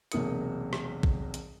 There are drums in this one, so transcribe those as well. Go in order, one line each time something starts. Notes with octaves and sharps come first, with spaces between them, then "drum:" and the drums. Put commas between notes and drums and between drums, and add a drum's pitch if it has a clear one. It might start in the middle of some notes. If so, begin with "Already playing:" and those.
E1 B1 C3 A#3 D#6 C#7, drum: hi-hat
drum: rim click
drum: kick
drum: hi-hat